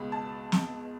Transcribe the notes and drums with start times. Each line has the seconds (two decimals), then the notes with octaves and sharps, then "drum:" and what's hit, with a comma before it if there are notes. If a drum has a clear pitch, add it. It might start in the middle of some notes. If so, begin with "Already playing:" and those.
Already playing: C#2 B2 G#3 B5
0.12 A5
0.52 drum: snare